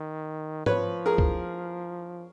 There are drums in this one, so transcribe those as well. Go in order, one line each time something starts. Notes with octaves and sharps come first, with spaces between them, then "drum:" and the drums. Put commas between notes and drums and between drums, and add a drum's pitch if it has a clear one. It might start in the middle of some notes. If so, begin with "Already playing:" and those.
Already playing: D#3
F3 B4 C#5, drum: tom G#2
G#4 A#4
drum: kick C#2